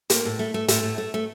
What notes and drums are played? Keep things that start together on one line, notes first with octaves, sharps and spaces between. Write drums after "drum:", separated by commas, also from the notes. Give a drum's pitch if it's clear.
A2 A#3, drum: hi-hat
A2
A3
A3
A2 A3, drum: hi-hat
A2
A3
A3